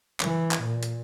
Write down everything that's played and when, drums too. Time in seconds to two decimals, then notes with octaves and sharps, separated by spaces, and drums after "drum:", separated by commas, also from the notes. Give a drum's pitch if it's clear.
0.20 E3, drum: clap
0.51 drum: clap
0.63 A#2
0.83 drum: hi-hat